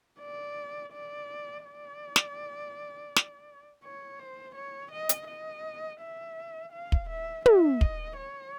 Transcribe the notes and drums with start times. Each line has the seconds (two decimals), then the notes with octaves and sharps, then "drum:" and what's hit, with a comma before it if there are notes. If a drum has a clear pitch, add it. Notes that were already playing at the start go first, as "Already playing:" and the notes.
0.20 D5
0.93 D5
1.65 D5
2.16 drum: snare
3.16 drum: snare
3.84 C#5
4.19 C5
4.55 C#5
4.92 D#5
5.09 drum: hi-hat
5.27 D#5
6.00 E5
6.72 F5
6.92 drum: kick
7.09 E5
7.46 E5, drum: tom
7.81 D#5, drum: kick
8.18 C#5